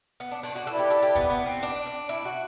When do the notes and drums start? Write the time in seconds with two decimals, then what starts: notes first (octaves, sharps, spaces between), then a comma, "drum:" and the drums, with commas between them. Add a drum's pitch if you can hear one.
0.20 B3, drum: hi-hat
0.32 D4
0.43 D4, drum: open hi-hat
0.56 F#4
0.67 E4 A4 B4 D5, drum: hi-hat
0.79 G4
0.90 A4, drum: hi-hat
1.03 G4
1.15 B3, drum: kick, hi-hat
1.30 B3
1.46 C4
1.63 D4, drum: hi-hat
1.86 drum: hi-hat
2.09 E4, drum: hi-hat
2.25 F#4